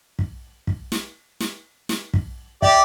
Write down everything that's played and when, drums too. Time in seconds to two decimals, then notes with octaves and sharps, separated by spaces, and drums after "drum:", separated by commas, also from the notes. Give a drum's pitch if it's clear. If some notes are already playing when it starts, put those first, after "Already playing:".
0.19 drum: kick
0.67 drum: kick
0.92 drum: snare
1.40 drum: snare
1.89 drum: snare
2.14 drum: kick
2.62 G4 D5 E5, drum: kick